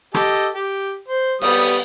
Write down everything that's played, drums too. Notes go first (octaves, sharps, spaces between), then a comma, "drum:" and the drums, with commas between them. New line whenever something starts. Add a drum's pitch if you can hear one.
G4 A4 D#5, drum: rim click
G4
C5
G3 B3 D#6, drum: cymbal